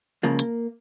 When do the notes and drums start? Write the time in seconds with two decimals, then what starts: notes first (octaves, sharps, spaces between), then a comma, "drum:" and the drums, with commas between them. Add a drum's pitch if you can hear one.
0.23 C#2 C#3 F3 A#3
0.39 drum: hi-hat